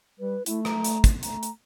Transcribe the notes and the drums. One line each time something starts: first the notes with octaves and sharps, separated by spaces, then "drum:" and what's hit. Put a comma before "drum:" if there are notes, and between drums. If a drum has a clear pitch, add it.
G3 B4
A3 E4, drum: hi-hat
A#5, drum: rim click
drum: hi-hat
drum: kick, hi-hat
A3 A#5, drum: hi-hat
drum: hi-hat